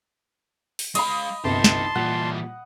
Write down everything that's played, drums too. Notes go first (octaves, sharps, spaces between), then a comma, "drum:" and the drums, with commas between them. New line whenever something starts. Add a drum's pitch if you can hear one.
drum: open hi-hat
G#3 D#5 F5 B5, drum: cymbal
G1 C2 D#4 G4 A5 C6
drum: snare
A#2 E3 G3 F#5